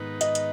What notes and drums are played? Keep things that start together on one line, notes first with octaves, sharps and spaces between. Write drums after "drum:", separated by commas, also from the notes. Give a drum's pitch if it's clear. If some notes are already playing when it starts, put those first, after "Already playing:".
Already playing: G#2 D#3 B3 D#4 B4
D#5, drum: hi-hat
drum: hi-hat